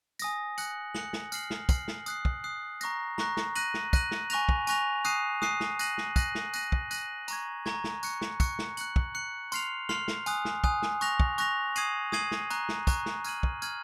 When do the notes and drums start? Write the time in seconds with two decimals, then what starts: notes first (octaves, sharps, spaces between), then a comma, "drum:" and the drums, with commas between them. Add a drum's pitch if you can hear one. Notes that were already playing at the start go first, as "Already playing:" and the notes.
0.19 G#5 D#6 A#6, drum: tambourine
0.58 F#6 C#7 F#7, drum: tambourine
0.95 F#6 C#7 F#7, drum: snare
1.13 drum: snare
1.32 F6 C7 F#7, drum: tambourine
1.50 drum: snare
1.69 F6 C7 F#7, drum: kick, tambourine
1.88 drum: snare
2.06 D#6 F#6 C7, drum: tambourine
2.25 drum: kick
2.44 D#6 F#6 C7
2.81 A#5 C#6 F#6 A#6, drum: tambourine
3.18 A#5 C#6 F#6 A#6, drum: snare
3.37 drum: snare
3.55 F#6 A#6 D#7 F#7, drum: tambourine
3.74 drum: snare
3.93 F#6 A#6 D#7 F#7, drum: kick, tambourine
4.11 drum: snare
4.30 G#5 C#6 F#6 A#6 F7, drum: tambourine
4.49 drum: kick
4.67 G#5 C#6 F#6 A#6 F7, drum: tambourine
5.05 D#6 F#6 C7 D#7, drum: tambourine
5.42 D#6 F#6 C7 D#7, drum: snare
5.60 drum: snare
5.79 F#6 A#6 D#7 F#7, drum: tambourine
5.98 drum: snare
6.16 F#6 A#6 D#7 F#7, drum: kick, tambourine
6.35 drum: snare
6.54 F#6 A#6 D#7 F#7, drum: tambourine
6.72 drum: kick
6.91 F#6 A#6 D#7 F#7, drum: tambourine
7.28 A#5 C#6 G#6, drum: tambourine
7.66 A#5 C#6 G#6, drum: snare
7.84 drum: snare
8.03 C#6 F#6 C#7, drum: tambourine
8.21 drum: snare
8.40 C#6 F#6 C#7, drum: kick, tambourine
8.59 drum: snare
8.77 F#6 C#7 F#7, drum: tambourine
8.96 drum: kick
9.15 F#6 C#7 F#7
9.52 C6 F6 C7 F7, drum: tambourine
9.89 C6 F6 C7 F7, drum: snare
10.08 drum: snare
10.26 G#5 D#6 F#6, drum: tambourine
10.45 drum: snare
10.64 G#5 D#6 F#6, drum: kick
10.82 drum: snare
11.01 C#6 F#6 A#6 F7, drum: tambourine
11.20 drum: kick
11.38 C#6 F#6 A#6 F7, drum: tambourine
11.76 D#6 G#6 C7 D#7 F#7, drum: tambourine
12.12 D#6 G#6 C7 D#7 F#7, drum: snare
12.31 drum: snare
12.50 A#5 C#6 F#6, drum: tambourine
12.69 drum: snare
12.87 A#5 C#6 F#6, drum: kick, tambourine
13.06 drum: snare
13.24 F6 G#6 D#7 F#7, drum: tambourine
13.43 drum: kick
13.62 F6 G#6 D#7 F#7, drum: tambourine